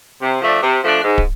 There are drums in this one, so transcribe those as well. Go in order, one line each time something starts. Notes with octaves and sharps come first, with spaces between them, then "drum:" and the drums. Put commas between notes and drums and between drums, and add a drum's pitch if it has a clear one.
C3
F3 A3 D4
C3
F3 A3 D4
G#2
drum: kick